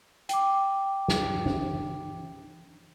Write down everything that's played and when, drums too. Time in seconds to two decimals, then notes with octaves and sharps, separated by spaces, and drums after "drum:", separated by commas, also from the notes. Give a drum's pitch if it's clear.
0.29 G5 D6, drum: hi-hat
1.08 drum: snare
1.46 drum: tom